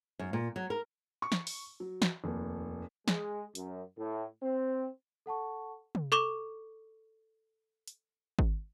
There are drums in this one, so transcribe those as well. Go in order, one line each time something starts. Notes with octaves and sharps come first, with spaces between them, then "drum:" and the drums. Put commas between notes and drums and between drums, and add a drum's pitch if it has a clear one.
F#2
A#2
F#3
A#4
C#6
drum: snare
drum: open hi-hat
F#3
drum: snare
F1 D#2
G#3, drum: snare
F#2, drum: hi-hat
A2
C4
A4 F#5 A5 C#6
drum: tom
A4 C#6 D6 E7 G7
drum: hi-hat
drum: kick G#1